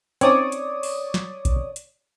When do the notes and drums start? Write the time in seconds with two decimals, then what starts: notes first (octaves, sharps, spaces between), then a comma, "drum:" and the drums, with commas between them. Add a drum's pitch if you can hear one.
0.21 C4 C#4 D#4 C#5 D5 D#6, drum: hi-hat
0.52 drum: hi-hat
0.83 drum: open hi-hat
1.14 drum: snare
1.45 drum: kick, hi-hat
1.76 drum: hi-hat